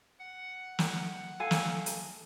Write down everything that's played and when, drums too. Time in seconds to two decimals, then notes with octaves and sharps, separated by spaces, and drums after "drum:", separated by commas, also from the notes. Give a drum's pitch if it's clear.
0.19 F#5
0.79 drum: snare
1.40 A4 F5 G#5
1.51 drum: snare
1.86 drum: hi-hat